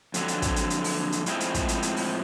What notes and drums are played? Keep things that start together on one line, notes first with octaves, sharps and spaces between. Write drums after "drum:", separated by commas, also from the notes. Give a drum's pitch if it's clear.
F2 D3 F#3, drum: hi-hat
drum: hi-hat
drum: kick, hi-hat
drum: hi-hat
drum: hi-hat
drum: open hi-hat
drum: hi-hat
A2 F3 G#3 C4 E4, drum: hi-hat
drum: hi-hat
drum: kick, hi-hat
drum: hi-hat
drum: hi-hat
drum: open hi-hat